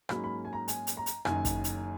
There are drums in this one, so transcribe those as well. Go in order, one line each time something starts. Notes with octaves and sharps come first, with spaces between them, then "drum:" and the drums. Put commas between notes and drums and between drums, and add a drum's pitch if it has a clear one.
G#2 F#3 A#3 C#4 B5, drum: rim click
B5
G#5
A#5
G#5, drum: hi-hat
drum: hi-hat
A#5
drum: hi-hat
F#1 F#2 D#3 G#5, drum: rim click
drum: kick, hi-hat
drum: hi-hat